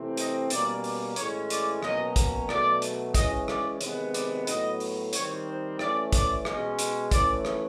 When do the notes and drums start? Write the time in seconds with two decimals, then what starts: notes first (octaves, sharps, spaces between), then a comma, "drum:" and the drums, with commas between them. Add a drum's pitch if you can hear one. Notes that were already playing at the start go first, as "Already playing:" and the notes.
Already playing: C3 E3 A3 C4
0.17 D#5, drum: hi-hat
0.50 B2 G3 A#3 C#4 D5, drum: hi-hat
0.84 D5, drum: open hi-hat
1.16 A2 E3 G#3 C#4 C#5, drum: hi-hat
1.50 D5, drum: hi-hat
1.83 B2 F#3 A#3 C#4 D#5, drum: rim click
2.16 drum: kick, hi-hat
2.49 B2 F#3 A3 D5, drum: rim click
2.82 drum: hi-hat
3.14 E3 G#3 C#4 D#5, drum: kick, hi-hat
3.48 D5, drum: rim click
3.81 C3 D#3 G#3 B3, drum: hi-hat
4.14 D5, drum: hi-hat
4.47 A2 F#3 B3 D#5, drum: hi-hat
4.80 drum: open hi-hat
5.13 D#3 G3 C4 C#5, drum: hi-hat
5.47 C5
5.79 E3 A3 C#4 D5, drum: rim click
6.13 D5, drum: kick, hi-hat
6.45 B2 G#3 C#4 D#5, drum: rim click
6.79 drum: hi-hat
7.11 E3 A3 C#4 D5, drum: kick, hi-hat
7.45 drum: rim click